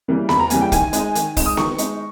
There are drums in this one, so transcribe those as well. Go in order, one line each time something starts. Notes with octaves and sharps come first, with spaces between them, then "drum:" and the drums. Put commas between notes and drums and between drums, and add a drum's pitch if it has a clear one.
C#3 E3 G3 A#3
E2 B5, drum: snare B3
A#5
C#3 E3 G3 A#3 G#5, drum: hi-hat
G5
D#3 G#5, drum: kick, hi-hat
G#3 D#4, drum: hi-hat
D#3, drum: hi-hat
G#3 D#4, drum: kick, open hi-hat
D#6
D#3 C#6, drum: snare B3
G#3 D#4, drum: hi-hat